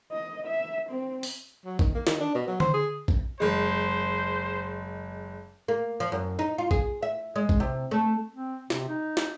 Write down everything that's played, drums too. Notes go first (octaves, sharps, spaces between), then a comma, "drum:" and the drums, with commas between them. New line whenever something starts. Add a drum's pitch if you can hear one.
D#5
E5
C4
drum: open hi-hat
F#3
D#3, drum: kick A1
A#3
D#3, drum: snare
D4
B2
F#3
C5, drum: tom D3
G#4
drum: kick A1
F#1 G#3 C5
A#3
F3
F#2
D#4
F4
G#4, drum: kick A1
E5
G#3
drum: kick A1
C3
A3
C4
C3, drum: snare
D#4
drum: snare